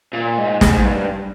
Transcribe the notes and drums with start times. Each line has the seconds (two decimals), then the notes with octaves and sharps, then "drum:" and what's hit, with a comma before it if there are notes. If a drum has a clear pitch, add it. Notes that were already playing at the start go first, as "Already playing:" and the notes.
0.13 A#2
0.38 G#2
0.61 G#2, drum: snare
0.73 G#2
0.85 G2